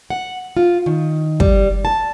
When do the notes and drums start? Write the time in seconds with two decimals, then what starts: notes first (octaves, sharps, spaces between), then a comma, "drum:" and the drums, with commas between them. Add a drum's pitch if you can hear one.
0.10 F#5
0.57 F4
0.86 D#3
1.40 G3, drum: kick
1.85 A5